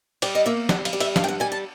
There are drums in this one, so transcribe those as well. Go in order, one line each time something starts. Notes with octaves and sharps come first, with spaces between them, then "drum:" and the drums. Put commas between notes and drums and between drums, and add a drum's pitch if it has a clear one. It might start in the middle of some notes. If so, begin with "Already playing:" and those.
G3 D5, drum: cymbal
D#5
A#3 E5
G3 F#5, drum: snare
F5, drum: cymbal
G3
E5, drum: cymbal
G2 F5, drum: snare
G5
F#5
G3 G#5
A5